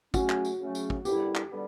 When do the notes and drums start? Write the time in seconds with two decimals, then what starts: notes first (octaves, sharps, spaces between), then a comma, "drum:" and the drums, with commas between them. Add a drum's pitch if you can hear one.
0.14 C#3 F#3 A3 C#4 F#4, drum: kick, tambourine
0.30 drum: clap
0.45 drum: tambourine
0.60 C#3 F#3 A3 C#4
0.75 drum: tambourine
0.90 drum: kick
1.05 F#2 D3 G3 B3 E4 G4, drum: tambourine
1.35 drum: clap
1.51 D3 G3 B3